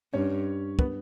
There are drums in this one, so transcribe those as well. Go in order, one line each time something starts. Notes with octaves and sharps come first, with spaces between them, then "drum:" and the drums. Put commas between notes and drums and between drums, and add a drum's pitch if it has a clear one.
G2 C#4 C#5
B3 B4, drum: kick